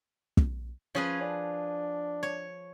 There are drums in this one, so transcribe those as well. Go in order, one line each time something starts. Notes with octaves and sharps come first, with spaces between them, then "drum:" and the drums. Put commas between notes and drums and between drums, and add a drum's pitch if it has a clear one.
drum: kick
F3 C#4 G#4 B4
D4
C#5